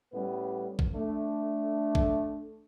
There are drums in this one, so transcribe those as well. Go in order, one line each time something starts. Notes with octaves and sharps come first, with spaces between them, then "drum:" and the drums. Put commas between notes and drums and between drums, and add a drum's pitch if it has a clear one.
A2 G3 B3 C#4 B4
drum: kick
A3 D4
drum: kick